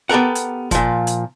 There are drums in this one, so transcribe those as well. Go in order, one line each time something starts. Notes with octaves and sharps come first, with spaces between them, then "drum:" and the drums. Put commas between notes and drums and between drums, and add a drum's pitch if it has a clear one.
B3 G4 A4 A#4 F#5
drum: hi-hat
A#2 F3, drum: kick, hi-hat
drum: hi-hat